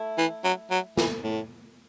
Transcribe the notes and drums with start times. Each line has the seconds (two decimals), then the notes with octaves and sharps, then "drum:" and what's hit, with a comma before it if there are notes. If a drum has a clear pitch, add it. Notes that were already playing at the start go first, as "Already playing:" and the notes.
Already playing: A3 E4
0.18 E3
0.44 F#3
0.71 F#3
0.97 E3, drum: snare
1.23 A2